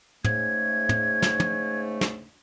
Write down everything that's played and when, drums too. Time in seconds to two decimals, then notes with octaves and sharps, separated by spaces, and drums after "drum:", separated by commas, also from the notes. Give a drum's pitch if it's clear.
0.24 G#2 C#3 A3 G#6, drum: tom
0.89 drum: tom
1.22 drum: snare
1.40 drum: tom
2.01 drum: snare